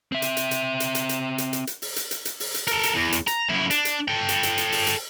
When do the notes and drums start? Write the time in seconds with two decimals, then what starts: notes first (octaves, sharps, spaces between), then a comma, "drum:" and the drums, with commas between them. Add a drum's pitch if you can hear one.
0.12 C4 E5
0.22 drum: hi-hat
0.37 drum: hi-hat
0.51 drum: hi-hat
0.80 drum: hi-hat
0.95 drum: hi-hat
1.09 drum: hi-hat
1.38 drum: hi-hat
1.53 drum: hi-hat
1.67 drum: hi-hat
1.82 drum: open hi-hat
1.96 drum: hi-hat
2.11 drum: hi-hat
2.25 drum: hi-hat
2.40 drum: open hi-hat
2.54 drum: hi-hat
2.67 A4 A#4, drum: hi-hat
2.83 drum: hi-hat
2.94 E2
3.12 drum: hi-hat
3.27 A#5, drum: hi-hat
3.50 F#2 E4
3.71 D4, drum: hi-hat
3.85 drum: hi-hat
4.08 A4 G5
4.29 drum: hi-hat
4.43 drum: hi-hat
4.58 drum: hi-hat
4.72 drum: open hi-hat
4.87 drum: hi-hat